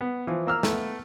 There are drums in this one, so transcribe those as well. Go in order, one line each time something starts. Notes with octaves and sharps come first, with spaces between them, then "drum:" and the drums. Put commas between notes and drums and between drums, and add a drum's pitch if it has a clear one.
B3
E3 F3
A#3 E6 F6
A3 B3, drum: snare